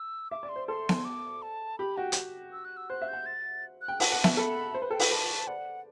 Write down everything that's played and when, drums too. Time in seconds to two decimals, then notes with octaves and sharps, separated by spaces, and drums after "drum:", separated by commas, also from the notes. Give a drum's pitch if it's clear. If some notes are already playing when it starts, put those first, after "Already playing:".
Already playing: E6
0.31 E5 D6
0.43 D5
0.49 C6
0.56 C5
0.68 A4 C6
0.89 drum: snare B3
1.05 D6
1.42 A5
1.79 G4 B5
1.97 F#4 G5
2.12 drum: hi-hat
2.52 E6
2.65 F#6
2.77 E6
2.89 C5 F#6
3.02 E5
3.08 F#5 G6
3.26 A6
3.81 F#6
3.88 G5
4.00 F#5 A5, drum: open hi-hat
4.12 F#5
4.24 E5, drum: snare B3
4.37 A4 B5
4.74 C5
4.82 B4
4.91 A4 G5
5.00 B4, drum: open hi-hat
5.11 B4 A5
5.47 D5 F#5